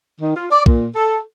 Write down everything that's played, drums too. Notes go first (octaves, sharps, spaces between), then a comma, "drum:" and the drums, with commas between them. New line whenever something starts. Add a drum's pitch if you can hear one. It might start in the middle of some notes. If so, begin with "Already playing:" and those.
D#3
F4
D5
A#2, drum: kick B1
A4